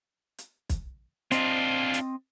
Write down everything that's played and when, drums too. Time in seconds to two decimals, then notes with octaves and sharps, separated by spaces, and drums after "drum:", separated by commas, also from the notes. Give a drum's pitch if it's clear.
0.38 drum: hi-hat
0.70 drum: kick, hi-hat
1.32 C4 D4 F4 D#5, drum: hi-hat
1.94 drum: hi-hat